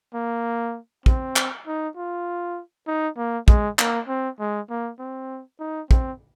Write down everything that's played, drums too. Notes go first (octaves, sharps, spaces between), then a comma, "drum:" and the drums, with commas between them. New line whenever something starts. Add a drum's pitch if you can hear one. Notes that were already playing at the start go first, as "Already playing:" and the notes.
A#3
C4, drum: kick
drum: clap
D#4
F4
D#4
A#3
G#3, drum: kick
A#3, drum: clap
C4
G#3
A#3
C4
D#4
C4, drum: kick